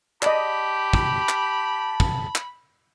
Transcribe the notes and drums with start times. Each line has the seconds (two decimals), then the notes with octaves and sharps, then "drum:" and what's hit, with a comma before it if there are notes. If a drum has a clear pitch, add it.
0.22 G4 D5 D#5 A5 B5, drum: clap
0.93 drum: kick
1.29 drum: clap
2.00 drum: kick
2.35 drum: clap